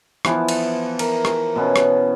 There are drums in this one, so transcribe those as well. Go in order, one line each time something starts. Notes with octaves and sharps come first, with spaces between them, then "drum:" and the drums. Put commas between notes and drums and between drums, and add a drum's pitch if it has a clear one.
E3 F3 B3, drum: rim click
drum: cymbal
A#4, drum: cymbal
drum: rim click
B2 B3 C#4
drum: rim click